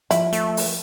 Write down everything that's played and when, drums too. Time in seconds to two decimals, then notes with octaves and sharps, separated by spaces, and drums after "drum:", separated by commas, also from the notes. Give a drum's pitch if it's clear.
0.11 F3 E4, drum: hi-hat
0.33 A3, drum: hi-hat
0.57 drum: open hi-hat